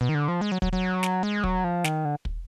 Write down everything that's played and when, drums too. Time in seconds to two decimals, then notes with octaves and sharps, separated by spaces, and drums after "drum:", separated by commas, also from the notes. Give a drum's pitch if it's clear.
0.01 B2
0.09 D#3
0.15 D3
0.28 F3
0.41 G#3
0.52 F#3
0.62 F#3, drum: kick
0.73 F#3
1.03 drum: snare
1.23 G#3
1.44 F#3, drum: kick
1.64 F3
1.84 D#3, drum: snare
2.05 D3
2.25 drum: kick